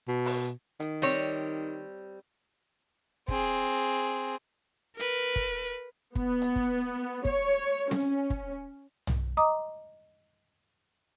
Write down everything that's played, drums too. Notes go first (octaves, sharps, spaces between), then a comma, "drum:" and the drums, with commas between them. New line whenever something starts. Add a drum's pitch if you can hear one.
B2
drum: open hi-hat
D#3, drum: hi-hat
G3 C4 C#5, drum: hi-hat
C4 G#4, drum: kick
A#4 B4
drum: kick
B3, drum: kick
drum: hi-hat
drum: kick
C#5, drum: kick
C#4, drum: snare C4
drum: kick
drum: tom
D#5 A#5 D6 D#6